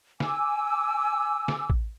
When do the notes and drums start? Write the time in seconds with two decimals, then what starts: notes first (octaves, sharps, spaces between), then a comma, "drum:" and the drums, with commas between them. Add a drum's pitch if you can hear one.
0.20 G#5 D6 E6, drum: snare
1.48 drum: snare
1.70 drum: kick